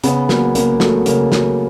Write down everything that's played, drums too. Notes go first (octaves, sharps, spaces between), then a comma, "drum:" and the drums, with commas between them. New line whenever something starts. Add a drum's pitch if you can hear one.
C#3 B3, drum: hi-hat
F#3 A#3, drum: snare
C#3 A#3, drum: hi-hat
F#3 A3, drum: snare
C#3 A#3, drum: hi-hat
F#3, drum: snare